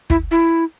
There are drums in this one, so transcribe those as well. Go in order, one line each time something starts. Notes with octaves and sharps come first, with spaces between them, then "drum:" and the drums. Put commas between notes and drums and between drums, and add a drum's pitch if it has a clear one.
E4, drum: kick
E4